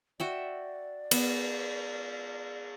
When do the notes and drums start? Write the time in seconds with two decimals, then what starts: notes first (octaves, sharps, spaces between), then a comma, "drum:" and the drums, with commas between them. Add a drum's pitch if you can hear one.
0.20 F#4 D5 E5 G5
1.11 B3, drum: cymbal